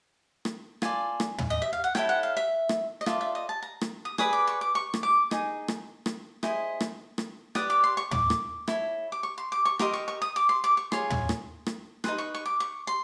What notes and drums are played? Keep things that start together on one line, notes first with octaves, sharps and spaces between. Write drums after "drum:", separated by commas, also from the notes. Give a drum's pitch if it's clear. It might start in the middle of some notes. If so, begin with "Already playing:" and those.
drum: rim click
F4 A4 D5 G#5, drum: rim click
drum: rim click
drum: tom
D#5
E5
F5
F#5
E4 A4 C#5 G5, drum: rim click
F#5
F5
E5
drum: rim click
D#5
F4 A4 D5 E5, drum: rim click
E5
D#5
A5
A#5
drum: rim click
D#6
G#4 B4 D5 D#6, drum: rim click
D6
C#6
D6
C#6
drum: rim click
D6
D#4 G#4, drum: rim click
drum: rim click
drum: rim click
E4 G#4 C5 D#5, drum: rim click
drum: rim click
drum: rim click
G4 B4 D5 D#6, drum: rim click
D6
C6
C#6
D6, drum: tom
drum: rim click
E4 A4 C#5, drum: rim click
D6
C#6
C6
D6
C#6
G4 A#4 D#5 C6, drum: rim click
C#6
C#6
D#6
D6
C6
D6
C#6
F4 G#4 C#5 C6, drum: rim click
drum: tom
drum: rim click
drum: rim click
D#4 G#4 B4 C6, drum: rim click
C#6
C#6
D6
C#6
C6